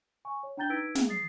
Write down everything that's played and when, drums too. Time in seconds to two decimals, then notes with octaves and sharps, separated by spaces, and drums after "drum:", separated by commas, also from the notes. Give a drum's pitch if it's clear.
0.25 G#5 C#6
0.43 C#5
0.57 D4 G5 A#5 G6 A6 G7
0.70 D#4 B4 E6 G#6 B6 D7
0.95 G#4, drum: snare
1.09 D#6 A6 C7